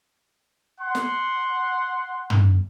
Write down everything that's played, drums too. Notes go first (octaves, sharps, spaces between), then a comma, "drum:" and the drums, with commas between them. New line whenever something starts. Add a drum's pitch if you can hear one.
F#5 C6
drum: snare
drum: tom